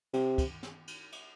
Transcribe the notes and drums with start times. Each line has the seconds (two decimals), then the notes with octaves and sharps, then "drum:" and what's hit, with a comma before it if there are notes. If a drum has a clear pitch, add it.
0.13 C3, drum: cymbal
0.38 drum: kick, cymbal
0.63 drum: snare
0.88 drum: cymbal
1.12 drum: cymbal